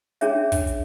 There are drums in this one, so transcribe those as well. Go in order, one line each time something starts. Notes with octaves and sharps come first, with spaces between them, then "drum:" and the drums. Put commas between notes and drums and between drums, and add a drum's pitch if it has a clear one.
C#4 D4 G#4 C#5 E5, drum: hi-hat
drum: kick, open hi-hat
drum: hi-hat